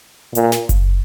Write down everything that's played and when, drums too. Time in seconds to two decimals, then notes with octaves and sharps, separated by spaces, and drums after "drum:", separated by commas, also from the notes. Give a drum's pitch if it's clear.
0.35 A#2, drum: hi-hat
0.52 drum: snare
0.69 drum: kick F#1, hi-hat